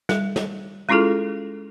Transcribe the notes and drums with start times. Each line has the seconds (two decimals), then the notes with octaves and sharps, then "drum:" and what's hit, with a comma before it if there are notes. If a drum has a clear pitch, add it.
0.09 G3, drum: snare
0.36 drum: snare
0.89 G#3 C#4 E4 F4 G#4 A4